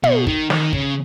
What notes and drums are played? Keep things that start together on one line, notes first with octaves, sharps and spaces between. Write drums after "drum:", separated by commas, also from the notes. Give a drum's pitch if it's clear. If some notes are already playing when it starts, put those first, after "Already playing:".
B2, drum: tom
D#3, drum: kick
D#3, drum: snare
C#3, drum: kick